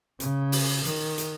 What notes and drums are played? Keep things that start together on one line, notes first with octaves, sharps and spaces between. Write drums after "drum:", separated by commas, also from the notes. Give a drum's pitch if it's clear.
C#3, drum: hi-hat
drum: open hi-hat
D#3, drum: hi-hat
drum: hi-hat